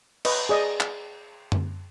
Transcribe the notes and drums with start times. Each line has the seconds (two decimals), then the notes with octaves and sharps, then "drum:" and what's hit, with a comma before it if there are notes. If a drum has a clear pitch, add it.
0.25 B4 D#5, drum: cymbal
0.49 G#4 D5 D#5
0.80 drum: clap
1.52 drum: tom F#2